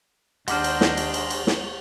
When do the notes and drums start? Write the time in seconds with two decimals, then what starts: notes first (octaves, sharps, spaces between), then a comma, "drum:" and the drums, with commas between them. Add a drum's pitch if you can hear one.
0.48 D#2 G#3 D4 D#4 C5 F#5 D6 F6, drum: cymbal
0.64 drum: cymbal
0.81 drum: snare
0.97 drum: cymbal
1.14 drum: cymbal
1.30 drum: cymbal
1.47 drum: snare